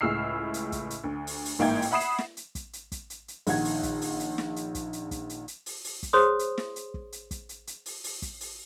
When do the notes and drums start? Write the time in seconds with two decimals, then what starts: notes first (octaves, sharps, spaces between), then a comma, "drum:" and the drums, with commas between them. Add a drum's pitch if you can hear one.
0.01 C#2 A2 G#4 E6 F6 C7
0.54 drum: hi-hat
0.72 drum: kick, hi-hat
0.90 drum: hi-hat
1.04 D2
1.27 drum: open hi-hat
1.45 drum: open hi-hat
1.59 A1 G#2 A#3 E4 G5 G#6
1.82 drum: open hi-hat
1.91 E5 F#5 B5 D#6 C7 E7
2.00 drum: hi-hat
2.18 drum: snare
2.37 drum: hi-hat
2.55 drum: kick, hi-hat
2.73 drum: hi-hat
2.92 drum: kick, hi-hat
3.10 drum: hi-hat
3.28 drum: hi-hat
3.47 A#1 D#3 F#5 G#6, drum: open hi-hat
3.65 drum: open hi-hat
3.83 drum: kick, hi-hat
4.01 drum: open hi-hat
4.20 drum: hi-hat
4.38 drum: snare
4.56 drum: hi-hat
4.75 drum: kick, hi-hat
4.93 drum: hi-hat
5.11 drum: kick, hi-hat
5.29 drum: hi-hat
5.48 drum: hi-hat
5.66 drum: open hi-hat
5.84 drum: open hi-hat
6.03 drum: kick, hi-hat
6.13 G#4 C5 C#5 C6 D#6
6.39 drum: hi-hat
6.58 drum: snare
6.76 drum: hi-hat
6.94 drum: kick
7.12 drum: hi-hat
7.31 drum: kick, hi-hat
7.49 drum: hi-hat
7.67 drum: hi-hat
7.86 drum: open hi-hat
8.04 drum: open hi-hat
8.22 drum: kick, hi-hat
8.41 drum: open hi-hat